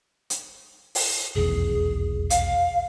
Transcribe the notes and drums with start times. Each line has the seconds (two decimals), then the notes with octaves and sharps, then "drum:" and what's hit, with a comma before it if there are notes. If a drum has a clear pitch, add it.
0.30 drum: hi-hat
0.95 drum: open hi-hat
1.35 F1 B1 E2 G#4
2.30 F5, drum: hi-hat